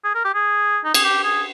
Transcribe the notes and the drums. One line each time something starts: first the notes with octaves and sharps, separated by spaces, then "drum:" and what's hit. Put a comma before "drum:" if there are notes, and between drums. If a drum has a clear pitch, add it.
G#4
A#4
G4
G#4
D#4
G#4, drum: cymbal
G4
G#4